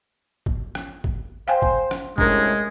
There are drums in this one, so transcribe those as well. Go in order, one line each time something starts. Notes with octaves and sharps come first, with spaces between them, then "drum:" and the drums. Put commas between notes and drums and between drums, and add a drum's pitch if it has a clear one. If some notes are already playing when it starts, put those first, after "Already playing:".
drum: kick G#1
drum: rim click
drum: kick G#1
C5 F5 G5 G#5
drum: kick G#1
drum: rim click
C2 A2 G#3 C#4 D4 A#4, drum: kick G#1